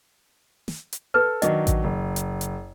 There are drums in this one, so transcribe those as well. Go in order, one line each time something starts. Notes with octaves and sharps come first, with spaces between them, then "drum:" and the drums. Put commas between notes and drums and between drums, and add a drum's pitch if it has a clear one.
drum: snare
drum: hi-hat
A4 B4
D#3 F#3 D4 D#5, drum: hi-hat
drum: kick A1, hi-hat
F#1
drum: hi-hat
drum: hi-hat